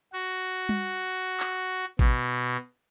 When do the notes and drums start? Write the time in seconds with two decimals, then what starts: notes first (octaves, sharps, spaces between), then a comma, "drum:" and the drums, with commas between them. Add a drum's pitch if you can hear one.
0.13 F#4
0.69 drum: tom G3
1.40 drum: clap
1.99 B2, drum: kick A1